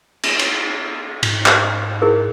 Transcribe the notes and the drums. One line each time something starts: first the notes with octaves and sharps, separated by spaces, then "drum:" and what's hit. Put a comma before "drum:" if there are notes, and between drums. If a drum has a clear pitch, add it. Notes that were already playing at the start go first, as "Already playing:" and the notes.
drum: cymbal
drum: cymbal
G#2, drum: cymbal
drum: clap
E4 G#4 A#4